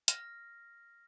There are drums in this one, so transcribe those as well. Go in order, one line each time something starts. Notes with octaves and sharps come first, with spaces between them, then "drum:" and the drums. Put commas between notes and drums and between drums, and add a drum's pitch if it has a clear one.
F6 A#6, drum: hi-hat